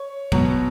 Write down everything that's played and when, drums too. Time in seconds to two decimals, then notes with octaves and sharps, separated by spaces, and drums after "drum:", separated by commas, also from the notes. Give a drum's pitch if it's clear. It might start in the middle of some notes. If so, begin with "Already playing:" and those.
Already playing: C#5
0.32 B2 F#3, drum: kick